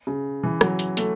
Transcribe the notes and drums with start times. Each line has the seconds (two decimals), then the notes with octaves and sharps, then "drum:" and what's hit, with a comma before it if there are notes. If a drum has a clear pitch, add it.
0.07 C#3
0.44 E3
0.61 F#3, drum: rim click
0.79 drum: hi-hat
0.97 A3, drum: hi-hat